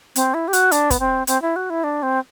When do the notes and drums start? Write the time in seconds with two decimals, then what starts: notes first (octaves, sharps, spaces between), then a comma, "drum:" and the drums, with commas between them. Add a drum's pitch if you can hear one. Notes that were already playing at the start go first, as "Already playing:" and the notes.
0.16 C4, drum: hi-hat
0.34 E4
0.48 G4
0.53 F#4, drum: hi-hat
0.72 D4, drum: hi-hat
0.90 B3, drum: kick, hi-hat
0.99 C4
1.27 C4, drum: hi-hat
1.42 E4
1.56 F#4
1.70 E4
1.84 D4
2.03 C4